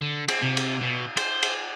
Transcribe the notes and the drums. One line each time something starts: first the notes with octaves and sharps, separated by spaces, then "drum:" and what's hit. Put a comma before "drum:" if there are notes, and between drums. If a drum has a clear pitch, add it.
D3
C4, drum: cymbal
C3
drum: cymbal
B2
C5, drum: cymbal
drum: cymbal